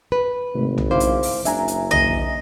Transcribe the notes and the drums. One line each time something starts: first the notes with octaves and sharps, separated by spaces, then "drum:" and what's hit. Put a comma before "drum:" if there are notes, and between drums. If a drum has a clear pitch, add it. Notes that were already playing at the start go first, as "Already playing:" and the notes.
B4
G#1 C3 A3
drum: tom B1
C#3 E4 C5 F5 D6
drum: hi-hat
drum: open hi-hat
F#1 D4 E5 G#5 A#5, drum: hi-hat
drum: hi-hat
D#2 D#5, drum: tom B1